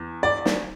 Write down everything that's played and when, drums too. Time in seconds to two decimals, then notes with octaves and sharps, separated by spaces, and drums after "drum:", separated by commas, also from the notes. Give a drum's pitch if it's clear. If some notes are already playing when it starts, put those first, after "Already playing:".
Already playing: E2
0.23 D5
0.45 drum: snare